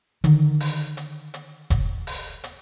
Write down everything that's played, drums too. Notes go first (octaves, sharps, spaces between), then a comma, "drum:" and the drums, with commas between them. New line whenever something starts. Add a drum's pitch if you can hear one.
D3 D#3, drum: hi-hat
drum: open hi-hat
drum: hi-hat
drum: hi-hat
drum: kick F1, hi-hat
drum: open hi-hat
drum: hi-hat